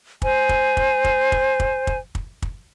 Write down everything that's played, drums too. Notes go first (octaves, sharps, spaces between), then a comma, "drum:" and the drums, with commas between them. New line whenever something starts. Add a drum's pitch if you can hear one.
C5 G#5, drum: kick
drum: kick
drum: kick
drum: kick
drum: kick
drum: kick
drum: kick
drum: kick
drum: kick